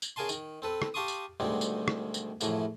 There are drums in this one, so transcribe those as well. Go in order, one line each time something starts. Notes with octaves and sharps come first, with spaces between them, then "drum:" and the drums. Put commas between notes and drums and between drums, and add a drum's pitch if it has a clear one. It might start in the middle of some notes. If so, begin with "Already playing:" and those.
drum: tambourine
C#3 G#4 A#4 G#5 A5 C6
D#3, drum: tambourine
C4 A4 B4
drum: rim click
G4 F5 A5 C6 C#6 D#6
drum: tambourine
D2 B2 D#3 G3 G#3 C4
drum: tambourine
drum: rim click
drum: tambourine
F#2 A2 C#3 E3 F3, drum: tambourine